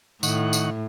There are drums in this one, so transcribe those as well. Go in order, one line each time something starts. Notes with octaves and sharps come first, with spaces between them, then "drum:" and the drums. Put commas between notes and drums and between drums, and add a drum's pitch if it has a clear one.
A2 D#3 F#5 C#6, drum: tambourine
drum: tambourine